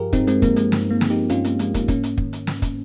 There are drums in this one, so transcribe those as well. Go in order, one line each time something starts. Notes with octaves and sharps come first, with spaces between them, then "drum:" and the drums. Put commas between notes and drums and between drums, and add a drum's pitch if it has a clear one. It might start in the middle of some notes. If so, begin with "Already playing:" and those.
Already playing: G2 F3 F4 G4 G#4 A#4
G2 C4 D#4, drum: kick, hi-hat
G#3 C4, drum: hi-hat
F3 A#3, drum: kick, hi-hat
G#3, drum: hi-hat
G2, drum: snare
A#3
F3, drum: snare
D#4 G4
G2 C#4 F4, drum: hi-hat
A#3, drum: hi-hat
F3 G#3, drum: hi-hat
A#3, drum: kick, hi-hat
G#2 A#3 C#4, drum: kick, hi-hat
drum: hi-hat
D#3, drum: kick
drum: hi-hat
G#2, drum: snare
drum: kick, hi-hat